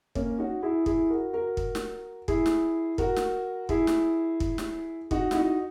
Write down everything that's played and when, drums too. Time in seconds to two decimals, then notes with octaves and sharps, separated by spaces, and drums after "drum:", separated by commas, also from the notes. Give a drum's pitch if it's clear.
0.15 A#3 C#4, drum: kick
0.39 D#4 F#4
0.63 E4 G#4
0.86 E4 G#4, drum: kick
1.10 F#4 A#4
1.33 F#4 A#4
1.57 drum: kick
1.75 drum: snare
2.28 E4 G#4, drum: kick
2.46 drum: snare
2.98 F#4 A#4, drum: kick
3.16 drum: snare
3.69 E4 G#4, drum: kick
3.87 drum: snare
4.40 drum: kick
4.58 drum: snare
5.11 D#4 F#4, drum: kick
5.31 E4, drum: snare
5.35 D#4 F#4